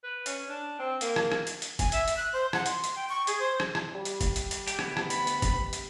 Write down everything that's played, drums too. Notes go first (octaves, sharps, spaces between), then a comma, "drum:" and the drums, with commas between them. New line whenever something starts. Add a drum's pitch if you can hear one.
B4
C#4, drum: hi-hat
D4
C4
A#3, drum: hi-hat
drum: rim click
drum: rim click
drum: hi-hat
drum: hi-hat
G#5, drum: kick, hi-hat
E5, drum: hi-hat
drum: hi-hat
F#6
C5
F#5, drum: rim click
C6, drum: hi-hat
drum: hi-hat
G5
C#6
G#4, drum: hi-hat
C5
drum: rim click
drum: rim click
G3
drum: hi-hat
drum: kick, hi-hat
drum: hi-hat
drum: hi-hat
G4, drum: hi-hat
D2 B3, drum: rim click
drum: rim click
B5, drum: hi-hat
drum: hi-hat
drum: kick, hi-hat
drum: hi-hat